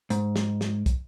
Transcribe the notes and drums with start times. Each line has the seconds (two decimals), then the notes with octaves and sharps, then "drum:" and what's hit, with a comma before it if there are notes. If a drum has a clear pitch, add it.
0.10 G#2, drum: hi-hat
0.36 drum: snare
0.61 drum: snare
0.86 drum: kick, hi-hat